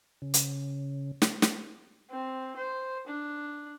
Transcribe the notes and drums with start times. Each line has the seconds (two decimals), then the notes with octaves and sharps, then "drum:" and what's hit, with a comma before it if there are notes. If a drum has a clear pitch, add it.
0.22 C#3
0.34 drum: hi-hat
1.22 drum: snare
1.42 drum: snare
2.11 C4
2.56 C5
3.07 D4